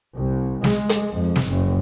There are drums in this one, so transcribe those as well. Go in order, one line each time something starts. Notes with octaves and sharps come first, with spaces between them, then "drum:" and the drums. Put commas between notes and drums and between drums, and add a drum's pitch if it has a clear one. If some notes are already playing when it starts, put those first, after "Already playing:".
C2
G#3, drum: snare
drum: hi-hat
F2
drum: snare
F#1